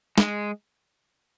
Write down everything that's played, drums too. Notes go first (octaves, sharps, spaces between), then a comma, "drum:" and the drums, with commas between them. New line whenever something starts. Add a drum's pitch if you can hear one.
G#3, drum: snare